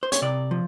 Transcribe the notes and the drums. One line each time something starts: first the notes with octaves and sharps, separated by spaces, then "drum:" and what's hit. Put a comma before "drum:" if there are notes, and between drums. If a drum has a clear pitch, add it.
C5
C#5, drum: hi-hat
C3 D5
F3